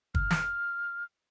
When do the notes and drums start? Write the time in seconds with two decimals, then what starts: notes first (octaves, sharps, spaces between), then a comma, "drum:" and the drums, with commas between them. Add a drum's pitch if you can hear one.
0.15 F6, drum: kick
0.31 drum: snare